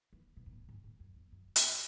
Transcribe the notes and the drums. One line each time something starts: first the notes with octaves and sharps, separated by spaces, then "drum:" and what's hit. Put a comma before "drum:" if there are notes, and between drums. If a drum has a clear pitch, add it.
E3
B2
F#2
G#2
G#2
G#2
F#2
E2
F#2
drum: hi-hat